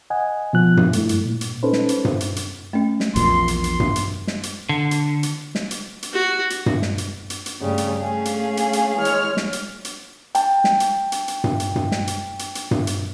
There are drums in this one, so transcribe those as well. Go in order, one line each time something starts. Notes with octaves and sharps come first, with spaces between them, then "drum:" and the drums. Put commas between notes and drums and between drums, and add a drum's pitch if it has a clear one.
D#5 F#5 G#5
B2 F3 F#6
drum: tom G2
G2 A3 E4, drum: hi-hat
drum: hi-hat
A#2
drum: hi-hat
C#4 D#4 A4 B4 C5
drum: snare
drum: hi-hat
drum: tom G2
drum: hi-hat
drum: hi-hat
A3 C#4
drum: snare
A#1 E2 A#2 C6, drum: hi-hat
drum: hi-hat
drum: hi-hat
drum: tom G2
drum: hi-hat
drum: snare
drum: hi-hat
D3
drum: hi-hat
drum: hi-hat
drum: snare
drum: hi-hat
drum: hi-hat
F#4
drum: hi-hat
drum: tom G2
drum: snare
drum: hi-hat
drum: hi-hat
drum: hi-hat
G2 C#3 G3 A3
drum: hi-hat
A3 C#4 G#4 F5
drum: hi-hat
drum: hi-hat
drum: hi-hat
E3 G#3 C#5 F6
drum: hi-hat
drum: snare
drum: hi-hat
drum: hi-hat
G5 A5, drum: hi-hat
drum: snare
drum: hi-hat
drum: hi-hat
drum: hi-hat
drum: tom G2
drum: hi-hat
drum: tom G2
drum: snare
drum: hi-hat
drum: hi-hat
drum: hi-hat
drum: tom G2
drum: hi-hat